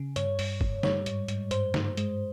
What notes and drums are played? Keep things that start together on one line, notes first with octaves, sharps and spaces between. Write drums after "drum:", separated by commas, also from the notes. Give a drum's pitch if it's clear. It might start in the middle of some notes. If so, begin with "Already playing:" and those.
Already playing: C#3
G2 C#5, drum: hi-hat
G2, drum: open hi-hat
G2, drum: kick
G3 C#5, drum: snare
G#2, drum: hi-hat
G#2, drum: hi-hat
G2 C5, drum: hi-hat
G2, drum: snare
G#3, drum: hi-hat